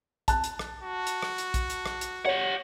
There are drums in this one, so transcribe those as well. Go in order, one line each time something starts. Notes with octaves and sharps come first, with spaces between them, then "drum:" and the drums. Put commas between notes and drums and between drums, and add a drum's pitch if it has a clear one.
A5 F#6, drum: kick A#1, hi-hat
drum: hi-hat
drum: rim click
F#4
drum: hi-hat
drum: rim click
drum: hi-hat
drum: kick A#1, hi-hat
drum: hi-hat
drum: rim click
drum: hi-hat
G4 C#5 F#5